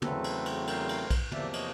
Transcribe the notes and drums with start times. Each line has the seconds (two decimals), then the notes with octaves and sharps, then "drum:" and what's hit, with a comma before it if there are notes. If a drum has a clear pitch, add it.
0.02 E2 C#3 F#3 A3 C4 A4 B4, drum: tom
0.24 drum: cymbal
0.46 drum: cymbal
0.67 A#4 C5, drum: cymbal
0.89 drum: cymbal
1.10 drum: kick, cymbal
1.31 E2 C3 F3 A#3 D5 E5, drum: tom
1.53 C#5 D#5, drum: cymbal